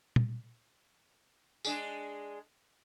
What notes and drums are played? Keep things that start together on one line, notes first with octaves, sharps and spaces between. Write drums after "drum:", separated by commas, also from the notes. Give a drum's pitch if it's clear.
drum: tom
G#3 D4 G#4, drum: tambourine